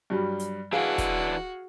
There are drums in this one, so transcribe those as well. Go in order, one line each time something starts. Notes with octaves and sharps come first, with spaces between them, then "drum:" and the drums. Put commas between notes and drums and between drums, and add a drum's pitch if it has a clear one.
G2 F#3 G3
drum: hi-hat
E3 D4 F#4 G#4 F5
drum: kick, hi-hat